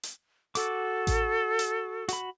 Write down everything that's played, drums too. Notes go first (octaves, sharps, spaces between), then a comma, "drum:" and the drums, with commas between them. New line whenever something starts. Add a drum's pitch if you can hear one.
drum: hi-hat
F#4 A4 D6, drum: hi-hat
drum: kick A1, hi-hat
drum: hi-hat
F#4 B5, drum: hi-hat